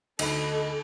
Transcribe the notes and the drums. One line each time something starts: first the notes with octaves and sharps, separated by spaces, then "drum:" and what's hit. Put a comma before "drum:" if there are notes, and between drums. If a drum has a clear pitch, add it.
D2 D#4 A4 D#5 B5, drum: cymbal